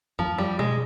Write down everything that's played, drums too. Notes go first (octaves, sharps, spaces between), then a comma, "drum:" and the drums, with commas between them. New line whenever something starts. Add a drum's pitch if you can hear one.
F3, drum: tom
G3
G#3, drum: tom B2